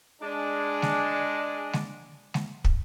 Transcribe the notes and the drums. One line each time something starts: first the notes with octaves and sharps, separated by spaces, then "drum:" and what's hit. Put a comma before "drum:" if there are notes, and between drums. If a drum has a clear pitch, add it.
G#3 D4
drum: snare G#3
drum: snare G#3
drum: snare G#3
drum: kick